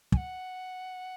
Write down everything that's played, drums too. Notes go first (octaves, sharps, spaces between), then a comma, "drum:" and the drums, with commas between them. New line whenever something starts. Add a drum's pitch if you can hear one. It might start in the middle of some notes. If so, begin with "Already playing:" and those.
G#5, drum: kick
F#5